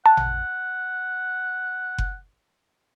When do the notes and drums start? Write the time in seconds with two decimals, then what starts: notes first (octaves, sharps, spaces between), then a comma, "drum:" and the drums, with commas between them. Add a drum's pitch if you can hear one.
0.06 F#5 A5
0.17 drum: tom A1
1.98 drum: kick F#1